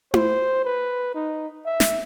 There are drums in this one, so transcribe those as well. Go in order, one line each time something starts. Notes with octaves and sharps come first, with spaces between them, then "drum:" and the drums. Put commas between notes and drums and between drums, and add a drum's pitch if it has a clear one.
C5, drum: tom E4
B4
D#4
E5
drum: snare